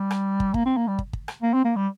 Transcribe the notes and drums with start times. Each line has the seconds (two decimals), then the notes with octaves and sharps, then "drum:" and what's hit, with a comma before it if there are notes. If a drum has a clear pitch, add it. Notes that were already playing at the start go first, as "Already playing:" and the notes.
Already playing: G3
0.11 drum: rim click
0.40 drum: kick
0.54 A#3, drum: kick
0.66 C4
0.77 A#3
0.88 G3
0.99 drum: kick
1.13 drum: kick
1.28 drum: rim click
1.42 A#3
1.54 C4
1.65 A#3
1.76 G3